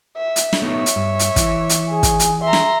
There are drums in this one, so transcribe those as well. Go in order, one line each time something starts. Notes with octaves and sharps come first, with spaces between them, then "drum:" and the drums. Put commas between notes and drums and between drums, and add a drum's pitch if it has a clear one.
E5
drum: hi-hat
drum: snare
A3 B3 D#4 C#5 E5
drum: hi-hat
G2
drum: hi-hat
E3, drum: kick, hi-hat
drum: hi-hat
G#4
drum: kick, hi-hat
drum: hi-hat
E5 A#5 C6
drum: snare